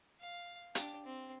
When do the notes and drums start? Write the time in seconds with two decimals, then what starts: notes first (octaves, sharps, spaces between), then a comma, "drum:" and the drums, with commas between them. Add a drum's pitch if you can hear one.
0.20 F5
0.75 D4 G4, drum: hi-hat
1.05 C4